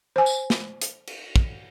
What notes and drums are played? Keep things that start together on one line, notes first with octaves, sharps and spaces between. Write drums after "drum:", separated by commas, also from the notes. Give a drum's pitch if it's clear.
C5 G#5
drum: tambourine
drum: snare
drum: hi-hat
drum: cymbal
drum: kick